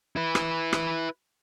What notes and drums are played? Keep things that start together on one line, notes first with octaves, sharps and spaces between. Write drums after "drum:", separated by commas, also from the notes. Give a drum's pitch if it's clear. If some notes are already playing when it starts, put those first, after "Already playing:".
E4 B4
drum: rim click
drum: rim click